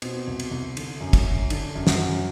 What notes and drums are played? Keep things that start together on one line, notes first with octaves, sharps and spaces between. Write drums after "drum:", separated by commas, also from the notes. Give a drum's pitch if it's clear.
B2 C4, drum: cymbal
C2
drum: cymbal
C2
D3, drum: cymbal
F#2
drum: kick, cymbal
F#2
D3 D4, drum: cymbal
F#2
F#4, drum: snare
F#2